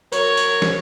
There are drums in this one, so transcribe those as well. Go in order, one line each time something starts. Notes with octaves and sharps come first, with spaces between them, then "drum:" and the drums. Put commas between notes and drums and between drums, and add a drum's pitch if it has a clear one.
F#3 A#4 C#5, drum: tambourine
drum: tambourine
drum: snare